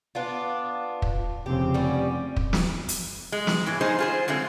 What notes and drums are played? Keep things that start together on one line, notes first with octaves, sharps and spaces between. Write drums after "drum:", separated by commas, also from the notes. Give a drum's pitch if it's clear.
B3 D4 F4
drum: kick
F1 C#3 C4 G4
G3 B3 C#4
drum: kick
drum: snare
drum: hi-hat
G#3
drum: snare
A2 E3
G3 D#4 G#4 C5
F4 G#4 C5
D3 F#3 G#3 A3 C4